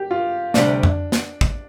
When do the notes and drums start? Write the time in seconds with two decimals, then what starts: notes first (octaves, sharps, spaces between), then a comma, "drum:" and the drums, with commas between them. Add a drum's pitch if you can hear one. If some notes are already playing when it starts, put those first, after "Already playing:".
Already playing: G4
0.11 F4
0.54 D2 C3 G3 D4, drum: snare
0.83 drum: tom F2
1.12 drum: snare
1.41 drum: kick